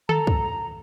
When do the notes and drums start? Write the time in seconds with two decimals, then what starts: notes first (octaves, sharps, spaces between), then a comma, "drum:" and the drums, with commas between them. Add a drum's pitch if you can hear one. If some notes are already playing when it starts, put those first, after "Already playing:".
0.09 A4 A#5, drum: tom D3
0.27 drum: kick